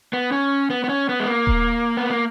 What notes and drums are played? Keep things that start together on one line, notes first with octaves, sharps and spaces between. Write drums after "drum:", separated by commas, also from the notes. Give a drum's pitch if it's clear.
B3
C#4
B3
B3
C#4
B3
G#3
A#3
drum: kick D#1
B3
A#3